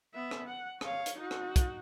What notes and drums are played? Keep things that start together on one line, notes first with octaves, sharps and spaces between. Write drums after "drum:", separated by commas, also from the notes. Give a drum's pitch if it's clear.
B3 E5
drum: rim click
F#5
C#5 F5, drum: rim click
drum: hi-hat
D#4 F#4
drum: rim click
drum: kick, hi-hat